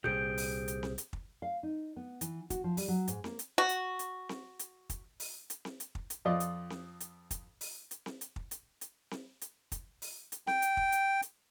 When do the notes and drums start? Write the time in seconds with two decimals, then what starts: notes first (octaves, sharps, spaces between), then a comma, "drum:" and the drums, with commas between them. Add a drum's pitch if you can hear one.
0.04 C2 A#2 G4 G#4 C5 G6 D7
0.38 drum: open hi-hat
0.68 drum: hi-hat
0.83 drum: snare C4
0.98 drum: hi-hat
1.13 drum: kick
1.42 F5
1.63 D#4
1.96 B3
2.21 E3, drum: hi-hat
2.50 F#4, drum: kick, hi-hat
2.64 F3
2.77 G3, drum: open hi-hat
2.88 F#3
3.08 G#2, drum: hi-hat
3.24 A#3, drum: snare C4
3.39 drum: hi-hat
3.58 F#4
3.69 drum: hi-hat
3.99 drum: hi-hat
4.29 drum: snare C4
4.59 drum: hi-hat
4.90 drum: kick, hi-hat
5.20 drum: open hi-hat
5.50 drum: hi-hat
5.65 drum: snare C4
5.80 drum: hi-hat
5.95 drum: kick
6.10 drum: hi-hat
6.25 F2 F4 D5 D#5
6.40 drum: hi-hat
6.70 drum: snare C4
7.00 drum: hi-hat
7.31 drum: kick, hi-hat
7.61 drum: open hi-hat
7.91 drum: hi-hat
8.06 drum: snare C4
8.21 drum: hi-hat
8.36 drum: kick
8.51 drum: hi-hat
8.81 drum: hi-hat
9.11 drum: snare C4
9.41 drum: hi-hat
9.72 drum: kick, hi-hat
10.02 drum: open hi-hat
10.32 drum: hi-hat
10.47 G5, drum: snare C4
10.62 drum: hi-hat
10.77 drum: kick
10.92 drum: hi-hat
11.22 drum: hi-hat